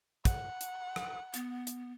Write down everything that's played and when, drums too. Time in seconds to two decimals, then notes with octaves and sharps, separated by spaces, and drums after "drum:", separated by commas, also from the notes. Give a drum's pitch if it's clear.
0.25 F#5, drum: kick, hi-hat
0.61 drum: hi-hat
0.96 drum: rim click
1.34 B3, drum: hi-hat
1.67 drum: hi-hat